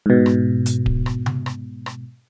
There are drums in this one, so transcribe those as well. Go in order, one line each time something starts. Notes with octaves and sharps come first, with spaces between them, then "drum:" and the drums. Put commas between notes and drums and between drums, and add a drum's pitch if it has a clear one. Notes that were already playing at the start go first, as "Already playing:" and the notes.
G#2 B2
drum: rim click
drum: hi-hat
drum: kick D1
drum: rim click
drum: tom C3
drum: rim click
drum: rim click